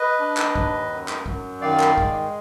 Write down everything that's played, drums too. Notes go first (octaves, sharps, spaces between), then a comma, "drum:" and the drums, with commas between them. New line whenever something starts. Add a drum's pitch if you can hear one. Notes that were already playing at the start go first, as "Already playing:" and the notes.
Already playing: B4 D#5
D4
drum: clap
D#2, drum: kick
F#2
drum: clap
F#2, drum: kick
D#3 D5 F5
drum: clap
G#3, drum: kick